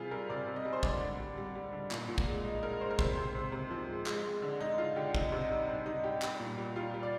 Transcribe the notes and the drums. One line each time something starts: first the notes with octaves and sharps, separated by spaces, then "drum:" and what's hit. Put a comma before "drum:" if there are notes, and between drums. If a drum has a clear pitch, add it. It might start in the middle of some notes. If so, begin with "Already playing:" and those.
Already playing: C3 G3 F4 G#4
G3 A#4
C3 D5
C3
D#5
G3
C5
D3 D5, drum: kick
D3
G3
G3
G3
D3
A#2, drum: clap
A#2
drum: kick
G#3
G#3 D#5
G#3 A#4
G#3 C5
A#4
C3 C5, drum: kick
C3
C3
C3
F3
G#3
G#3, drum: clap
G#3
D3
G#3 D#4
D3 F4
D3 G4
C3 D#4, drum: kick
C3
D#4
G3
C3 D4
C3 D#4
G3 G4
G3, drum: clap
A#2
G3
G3 F4
G3
D5